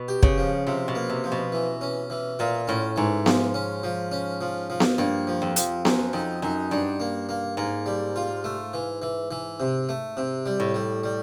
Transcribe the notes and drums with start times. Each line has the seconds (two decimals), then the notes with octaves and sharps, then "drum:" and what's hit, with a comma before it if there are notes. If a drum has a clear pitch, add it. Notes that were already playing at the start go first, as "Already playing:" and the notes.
Already playing: B2
0.08 G4
0.23 C#3, drum: kick
0.38 F3
0.67 C3 F3
0.88 B2
0.95 A#3
1.10 C3
1.24 F3
1.32 B2
1.52 E3
1.81 C#4
2.10 E3
2.39 A#2 F4
2.68 A2 C#4
2.96 G#2 E3
3.26 F3, drum: snare B3
3.54 C#4
3.83 F3
4.12 C#4
4.41 F3
4.70 F3
4.80 drum: snare B3
4.98 G2 A#3
5.27 F3
5.42 F2
5.56 F3, drum: hi-hat
5.85 F#2 F3, drum: snare B3
6.13 F2 D#4
6.42 F#2 D#4
6.71 G2 D4
7.00 A#3
7.29 A#3
7.57 G#2 A#3
7.86 G3
8.16 F4
8.44 A3
8.73 E3
9.02 E3
9.31 E3
9.60 C3
9.89 A3
10.17 C3
10.46 G3
10.60 A2
10.74 G3
11.04 G3